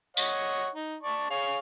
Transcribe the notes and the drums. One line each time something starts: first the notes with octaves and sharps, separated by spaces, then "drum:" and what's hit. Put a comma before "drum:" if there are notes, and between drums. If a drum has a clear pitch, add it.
C#5 D#5 F#5, drum: tambourine
D#4
D5 A5 C#6
G#4 C#5 F5